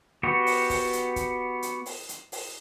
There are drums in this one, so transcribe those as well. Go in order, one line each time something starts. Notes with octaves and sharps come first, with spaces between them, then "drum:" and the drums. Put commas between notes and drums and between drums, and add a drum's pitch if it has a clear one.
B3 F#4 G4
drum: open hi-hat
drum: kick, open hi-hat
drum: hi-hat
drum: kick, hi-hat
drum: hi-hat
drum: open hi-hat
drum: hi-hat
drum: open hi-hat